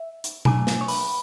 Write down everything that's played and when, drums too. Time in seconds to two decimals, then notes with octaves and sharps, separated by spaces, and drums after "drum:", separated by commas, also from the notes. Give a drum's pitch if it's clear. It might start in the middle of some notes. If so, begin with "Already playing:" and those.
Already playing: E5
0.24 drum: hi-hat
0.45 G#2 F#3 A3 D4 G#5, drum: tom B2
0.67 drum: snare
0.81 C#5
0.88 B4, drum: open hi-hat